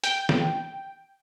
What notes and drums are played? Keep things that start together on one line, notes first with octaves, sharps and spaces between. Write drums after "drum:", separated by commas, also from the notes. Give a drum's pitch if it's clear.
G5, drum: hi-hat
drum: snare